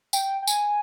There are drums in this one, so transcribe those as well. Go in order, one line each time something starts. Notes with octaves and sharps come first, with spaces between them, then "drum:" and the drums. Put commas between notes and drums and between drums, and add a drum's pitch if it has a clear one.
G5, drum: tambourine
G5
G#5, drum: tambourine